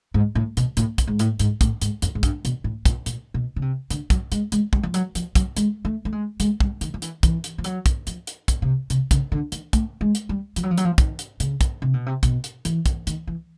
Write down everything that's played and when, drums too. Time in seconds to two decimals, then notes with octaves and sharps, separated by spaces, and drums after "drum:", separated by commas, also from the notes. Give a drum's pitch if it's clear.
0.14 G#2
0.35 A2
0.57 B2, drum: hi-hat
0.77 A2, drum: hi-hat
0.98 drum: kick, hi-hat
1.07 G#2
1.19 A2, drum: hi-hat
1.40 G#2, drum: hi-hat
1.61 A2, drum: kick, hi-hat
1.82 G#2, drum: hi-hat
2.02 F2, drum: hi-hat
2.15 G#2
2.23 G2, drum: kick, hi-hat
2.45 B2, drum: hi-hat
2.64 A2
2.86 A#2, drum: kick, hi-hat
3.06 A#2, drum: hi-hat
3.34 B2
3.56 C#3
3.62 C3
3.90 D3, drum: hi-hat
4.10 F#3, drum: kick, hi-hat
4.32 G#3, drum: hi-hat
4.52 G#3, drum: hi-hat
4.73 G3, drum: kick
4.83 F3
4.94 F#3, drum: hi-hat
5.15 F3, drum: hi-hat
5.35 F#3, drum: kick, hi-hat
5.57 G#3, drum: hi-hat
5.85 A3
6.05 A3
6.12 G#3
6.40 G#3, drum: hi-hat
6.60 G3, drum: kick
6.81 D#3, drum: hi-hat
6.94 F3
7.02 E3, drum: hi-hat
7.23 E3, drum: kick, hi-hat
7.44 drum: hi-hat
7.58 F3
7.64 F#3, drum: hi-hat
7.86 drum: kick, hi-hat
8.07 F3, drum: hi-hat
8.27 drum: hi-hat
8.48 drum: kick, hi-hat
8.62 C3
8.90 C3, drum: hi-hat
9.11 C#3, drum: kick, hi-hat
9.32 D3
9.52 D#3, drum: hi-hat
9.73 A3, drum: kick, hi-hat
10.01 G#3
10.15 drum: hi-hat
10.29 G3
10.56 F3, drum: hi-hat
10.63 F#3
10.71 F3
10.78 F#3, drum: hi-hat
10.85 F3
10.98 D#3, drum: kick, hi-hat
11.19 drum: hi-hat
11.40 C#3, drum: hi-hat
11.61 drum: kick, hi-hat
11.82 C3
11.94 B2
12.06 C3
12.23 B2, drum: kick, hi-hat
12.44 drum: hi-hat
12.65 E3, drum: hi-hat
12.86 drum: kick, hi-hat
13.07 D#3, drum: hi-hat
13.27 E3